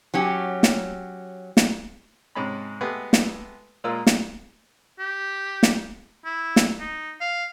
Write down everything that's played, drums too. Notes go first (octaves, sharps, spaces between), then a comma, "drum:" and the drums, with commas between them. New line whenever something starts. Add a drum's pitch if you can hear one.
F#3 C#4 G4
drum: snare
drum: snare
G#2 C3 G#3 C#4 G#5 B5
G#3 A3 B3 G4 G#4
drum: snare
A#2 G#3 A#3 F4 E6
drum: snare
G4
drum: snare
E4
drum: snare
D#4
F5